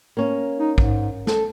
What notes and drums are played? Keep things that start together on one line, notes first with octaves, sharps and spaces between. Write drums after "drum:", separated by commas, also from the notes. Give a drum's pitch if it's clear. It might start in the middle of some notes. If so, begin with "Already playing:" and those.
A#3 C#4
D#4
G#2, drum: kick
A4, drum: snare